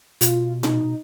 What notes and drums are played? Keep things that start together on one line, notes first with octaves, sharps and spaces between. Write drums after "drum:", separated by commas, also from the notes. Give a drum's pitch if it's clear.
B2 F4, drum: hi-hat
D#4, drum: tom A#2